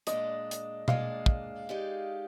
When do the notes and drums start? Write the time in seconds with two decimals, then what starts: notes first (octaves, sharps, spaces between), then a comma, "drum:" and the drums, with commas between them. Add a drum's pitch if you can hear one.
0.07 A#2 G#3 D4 D#5, drum: hi-hat
0.51 drum: hi-hat
0.88 A#2 G#3 D4 F5, drum: tom B2
1.26 drum: kick
1.69 G#3 D#4 G4 D5